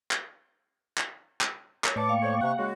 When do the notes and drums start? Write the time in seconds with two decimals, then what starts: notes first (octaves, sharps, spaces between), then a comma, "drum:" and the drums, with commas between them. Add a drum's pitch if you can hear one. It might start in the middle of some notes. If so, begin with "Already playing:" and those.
0.11 drum: clap
0.98 drum: clap
1.41 drum: clap
1.84 A#4 C#5 A#5 D#6, drum: clap
1.96 A2 E3 D5 A5 C#6 D6
2.09 A#3 F5 G5
2.22 A4 C5 C#5
2.41 C3 F#5 C#6
2.57 C#3 G#3 F#4